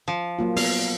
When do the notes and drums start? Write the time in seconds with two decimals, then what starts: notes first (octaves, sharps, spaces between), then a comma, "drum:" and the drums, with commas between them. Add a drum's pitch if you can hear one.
0.08 F3
0.39 F#3 A#3 F4
0.57 B3 F5, drum: open hi-hat